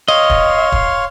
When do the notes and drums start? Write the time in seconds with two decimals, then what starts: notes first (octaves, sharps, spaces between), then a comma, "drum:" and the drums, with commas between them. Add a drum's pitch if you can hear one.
0.08 C#5 D#5 F5 C6
0.30 drum: kick
0.72 drum: kick